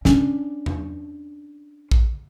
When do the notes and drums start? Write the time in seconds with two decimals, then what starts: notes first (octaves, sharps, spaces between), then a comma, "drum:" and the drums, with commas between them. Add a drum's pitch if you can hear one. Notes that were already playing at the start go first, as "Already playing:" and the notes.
0.05 C#4 D4, drum: snare
0.66 drum: tom E2
1.91 drum: kick A#1